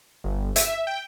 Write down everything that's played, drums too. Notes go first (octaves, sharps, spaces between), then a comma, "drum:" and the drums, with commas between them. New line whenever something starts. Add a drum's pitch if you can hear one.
G1
E5, drum: hi-hat
G5